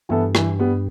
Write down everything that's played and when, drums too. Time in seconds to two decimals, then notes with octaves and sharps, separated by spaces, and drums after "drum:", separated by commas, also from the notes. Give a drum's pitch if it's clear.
0.09 G2 E3 B3 E4 A4
0.35 E3, drum: rim click
0.59 G3 B3